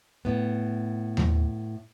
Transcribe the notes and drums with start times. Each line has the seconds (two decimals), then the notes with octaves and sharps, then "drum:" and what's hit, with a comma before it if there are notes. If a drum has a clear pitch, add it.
0.25 A2 B3
1.17 drum: tom D#2